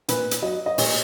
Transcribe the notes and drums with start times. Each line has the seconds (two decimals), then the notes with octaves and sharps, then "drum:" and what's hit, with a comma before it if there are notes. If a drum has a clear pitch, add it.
0.09 A#2 B4, drum: hi-hat
0.31 drum: hi-hat
0.42 F#3 D#5
0.66 D#5
0.78 A#2 C#5, drum: open hi-hat